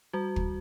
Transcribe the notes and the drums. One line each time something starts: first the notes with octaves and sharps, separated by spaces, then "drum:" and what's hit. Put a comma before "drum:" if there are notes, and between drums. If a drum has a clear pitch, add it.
G3 F#4
drum: kick